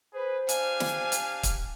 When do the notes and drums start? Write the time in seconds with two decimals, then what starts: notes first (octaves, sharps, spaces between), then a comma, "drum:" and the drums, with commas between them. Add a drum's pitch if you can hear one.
0.14 G#4 B4 C5
0.49 D4 G4 F5 G#5, drum: hi-hat
0.80 drum: snare
1.12 drum: hi-hat
1.43 drum: kick, hi-hat